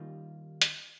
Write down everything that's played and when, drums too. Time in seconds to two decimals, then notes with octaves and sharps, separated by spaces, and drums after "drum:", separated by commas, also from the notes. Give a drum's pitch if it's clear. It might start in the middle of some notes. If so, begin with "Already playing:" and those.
Already playing: D#2 D#3 G3 A#3 F4
0.62 drum: hi-hat